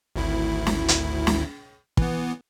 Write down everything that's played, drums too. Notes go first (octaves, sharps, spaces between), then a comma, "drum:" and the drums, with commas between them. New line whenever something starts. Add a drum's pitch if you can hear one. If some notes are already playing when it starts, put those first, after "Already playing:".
G#1 D2 E4
drum: snare
drum: hi-hat
drum: snare
E3 B3, drum: kick